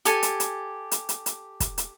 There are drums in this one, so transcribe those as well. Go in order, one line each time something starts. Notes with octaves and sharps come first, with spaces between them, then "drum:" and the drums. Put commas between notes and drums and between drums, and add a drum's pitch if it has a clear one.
G4 A4 G#5, drum: hi-hat
drum: hi-hat
drum: hi-hat
drum: hi-hat
drum: hi-hat
drum: hi-hat
drum: kick, hi-hat
drum: hi-hat